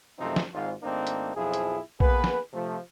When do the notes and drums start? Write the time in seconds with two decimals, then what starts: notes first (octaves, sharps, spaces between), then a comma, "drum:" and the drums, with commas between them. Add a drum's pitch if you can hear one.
0.19 F#2 C3 F3 A3 C4 D#4
0.36 drum: snare
0.54 G#1 G#2 F4
0.83 G#1 A3 A#3 C4 D4 D#4
1.07 drum: hi-hat
1.35 B1 F2 F3 E4 G#4
1.54 drum: hi-hat
2.00 A#3 B3 G#4 B4, drum: kick A#1
2.24 drum: snare
2.53 C3 F3 A3